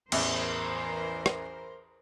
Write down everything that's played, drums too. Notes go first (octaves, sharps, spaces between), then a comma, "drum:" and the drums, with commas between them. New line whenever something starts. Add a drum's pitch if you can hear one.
A1 E2 E3 A#4 C5, drum: cymbal
drum: rim click